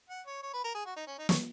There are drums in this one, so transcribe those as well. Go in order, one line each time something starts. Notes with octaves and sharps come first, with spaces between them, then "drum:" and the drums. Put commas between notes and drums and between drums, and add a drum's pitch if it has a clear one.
F#5
C#5
C#5
B4
A#4
G#4
F#4
D#4
C#4
D#4
C#5, drum: snare